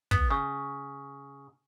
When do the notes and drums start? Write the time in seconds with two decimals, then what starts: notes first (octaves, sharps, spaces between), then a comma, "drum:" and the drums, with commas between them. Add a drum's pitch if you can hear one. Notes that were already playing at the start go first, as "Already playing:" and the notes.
0.11 B3, drum: kick
0.31 C#3